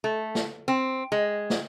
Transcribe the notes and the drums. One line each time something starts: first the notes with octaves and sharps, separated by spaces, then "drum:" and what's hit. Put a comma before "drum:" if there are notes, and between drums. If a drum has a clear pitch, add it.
A3
drum: snare
C4
G#3
drum: snare